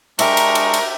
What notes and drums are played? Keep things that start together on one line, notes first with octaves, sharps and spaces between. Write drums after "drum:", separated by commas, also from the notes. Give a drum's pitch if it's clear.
G#3 D4 G4 A#4 E5 A#5 C#6, drum: cymbal
drum: cymbal
drum: cymbal
drum: cymbal